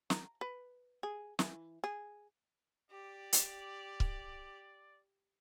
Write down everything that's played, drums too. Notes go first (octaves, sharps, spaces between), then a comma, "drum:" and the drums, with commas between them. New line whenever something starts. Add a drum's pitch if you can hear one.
A#5, drum: snare
B4
G#4
E3, drum: snare
G#4
G4 D5
drum: hi-hat
drum: kick C#1